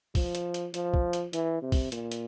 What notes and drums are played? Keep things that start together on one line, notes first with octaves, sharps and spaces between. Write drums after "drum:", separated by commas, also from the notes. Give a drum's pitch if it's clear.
F3, drum: kick, open hi-hat
drum: hi-hat
drum: hi-hat
F3, drum: hi-hat
drum: kick
drum: hi-hat
E3, drum: hi-hat
C3
drum: kick, open hi-hat
A#2, drum: hi-hat
drum: hi-hat